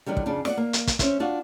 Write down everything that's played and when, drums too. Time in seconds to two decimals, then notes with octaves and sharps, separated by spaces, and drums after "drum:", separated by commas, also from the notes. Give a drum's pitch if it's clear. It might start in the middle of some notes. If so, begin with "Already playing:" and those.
0.06 D3 D#3 F#3 G3
0.17 drum: kick
0.26 F2 C#3 D4
0.45 D5 D#5 F#5, drum: snare
0.57 A#3
0.73 drum: hi-hat
0.87 drum: kick, hi-hat
0.99 C#4 C5 E5, drum: kick, hi-hat
1.20 D4 F4 F#4